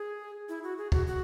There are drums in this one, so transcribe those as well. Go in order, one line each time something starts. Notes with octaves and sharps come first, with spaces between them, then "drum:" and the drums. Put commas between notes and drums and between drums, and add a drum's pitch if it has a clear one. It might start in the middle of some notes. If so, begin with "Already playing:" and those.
Already playing: G#4
E4
F#4
G#4
F#4, drum: kick
F#4